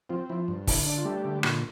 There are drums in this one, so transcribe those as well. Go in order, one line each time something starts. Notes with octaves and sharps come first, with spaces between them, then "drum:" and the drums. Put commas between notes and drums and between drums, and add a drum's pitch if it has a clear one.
F3 C4 F4
F3 E4
G2
D3 E4, drum: kick, open hi-hat
D4
F4
G3 A3 G4
D3
A#2, drum: rim click